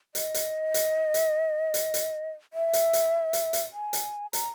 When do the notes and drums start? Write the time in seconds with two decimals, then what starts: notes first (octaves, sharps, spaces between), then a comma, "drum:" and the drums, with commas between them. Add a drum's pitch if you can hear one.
0.15 D#5, drum: hi-hat
0.34 drum: hi-hat
0.74 drum: hi-hat
1.14 drum: hi-hat
1.74 drum: hi-hat
1.94 drum: hi-hat
2.54 E5
2.73 drum: hi-hat
2.93 drum: hi-hat
3.33 drum: hi-hat
3.53 drum: hi-hat
3.73 G#5
3.93 drum: hi-hat
4.33 A#5, drum: hi-hat